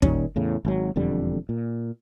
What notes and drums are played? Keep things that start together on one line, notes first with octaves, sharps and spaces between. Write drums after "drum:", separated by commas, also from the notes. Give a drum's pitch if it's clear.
A#2 D#3 G3 C#4, drum: kick
E2 A2 C#3
G#1 F#3
E1 F2 D3 G3
A#2